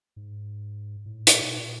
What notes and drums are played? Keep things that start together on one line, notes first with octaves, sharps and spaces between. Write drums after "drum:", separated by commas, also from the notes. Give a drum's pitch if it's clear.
G#2
A2
A#2, drum: hi-hat
B2
A#2